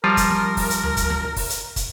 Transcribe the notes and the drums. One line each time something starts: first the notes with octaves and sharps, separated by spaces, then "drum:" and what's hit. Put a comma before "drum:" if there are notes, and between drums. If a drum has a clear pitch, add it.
F3 G3 F4 A#4
drum: kick, hi-hat
drum: snare
drum: kick, open hi-hat
drum: hi-hat
drum: tom D2
drum: kick, hi-hat
drum: snare
drum: kick, open hi-hat
drum: hi-hat
drum: kick, hi-hat